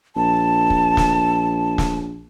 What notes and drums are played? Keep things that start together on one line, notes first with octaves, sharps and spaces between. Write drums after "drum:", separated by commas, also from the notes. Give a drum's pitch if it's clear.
A#1 A5
drum: kick
drum: snare
drum: snare